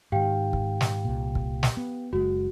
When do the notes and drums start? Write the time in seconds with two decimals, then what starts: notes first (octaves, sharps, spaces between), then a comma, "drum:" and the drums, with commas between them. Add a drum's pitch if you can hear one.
0.12 G#2 D#3 G4 F5 G5
0.53 drum: kick
0.81 drum: snare
1.05 C2 A#2
1.35 drum: kick
1.63 drum: snare
1.77 B3
2.13 F#1 G#3 F#4